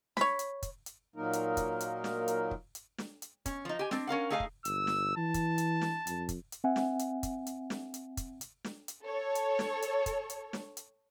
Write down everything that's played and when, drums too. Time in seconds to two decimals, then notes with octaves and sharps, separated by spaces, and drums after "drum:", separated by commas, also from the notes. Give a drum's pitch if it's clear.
0.17 C#5 B5, drum: snare
0.39 drum: hi-hat
0.63 drum: kick, hi-hat
0.86 drum: hi-hat
1.16 A#2 F#3 A#3 D#4 A#4
1.33 drum: hi-hat
1.57 drum: kick, hi-hat
1.80 drum: hi-hat
2.04 drum: snare
2.28 drum: hi-hat
2.51 drum: kick
2.75 drum: hi-hat
2.98 drum: snare
3.22 drum: hi-hat
3.46 C#4, drum: kick, hi-hat
3.65 F3 D#4
3.79 G4 G#5
3.91 C4 D4, drum: snare
4.07 C#4 A#4 F5 F#5
4.30 A3 D#4 G#4 F5 G#5
4.40 drum: kick
4.65 G1 E6, drum: hi-hat
4.87 drum: snare
5.17 E3 A5
5.34 drum: kick, hi-hat
5.58 drum: hi-hat
5.81 drum: snare
6.07 F2, drum: hi-hat
6.29 drum: kick, hi-hat
6.52 drum: hi-hat
6.64 C4 E5 F#5 G#5
6.76 drum: snare
6.99 drum: hi-hat
7.23 drum: kick, hi-hat
7.47 drum: hi-hat
7.70 drum: snare
7.94 drum: hi-hat
8.17 drum: kick, hi-hat
8.41 drum: hi-hat
8.64 drum: snare
8.88 drum: hi-hat
9.04 A4 C#5
9.35 drum: hi-hat
9.59 drum: snare
9.82 drum: hi-hat
10.06 drum: kick, hi-hat
10.30 drum: hi-hat
10.53 drum: snare
10.77 drum: hi-hat